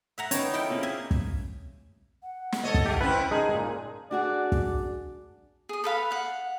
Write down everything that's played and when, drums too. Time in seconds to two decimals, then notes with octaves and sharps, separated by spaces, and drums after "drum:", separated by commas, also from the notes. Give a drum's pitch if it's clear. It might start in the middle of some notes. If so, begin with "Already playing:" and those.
0.18 E5 F#5 A#5
0.31 C#4 D#4 B4 C#5 G5 A5, drum: hi-hat
0.54 E4 A4 A#4 D#5 G5
0.70 A#3 C4 C#4 F4 G#4
0.83 E5 G#5
1.11 drum: kick
2.23 F#5
2.52 drum: snare
2.64 A4 C#5 D#5
2.74 drum: kick
2.86 G#3 G4
3.01 C4 C#4 E4 B4 G5
3.31 G#3 D#4 G#4 A#4 A5
3.54 A#2
4.11 D4 F#4 G#4 D5
4.52 drum: kick
5.69 G#4 D#6
5.84 A4 B4 F5 B5
6.11 F5 F#5